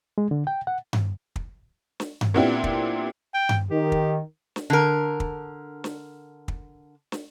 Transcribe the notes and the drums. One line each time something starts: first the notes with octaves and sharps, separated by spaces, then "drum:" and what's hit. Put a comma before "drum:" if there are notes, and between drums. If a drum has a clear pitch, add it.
G#3
D3
G5
F#5
drum: tom G2
drum: kick
drum: snare
drum: tom G2
A#2 B3 C4 D4 E4 G4
drum: kick
G5
drum: tom G2
D#3 G4
drum: kick
drum: snare
D3 A#4
drum: kick
drum: snare
drum: kick
drum: snare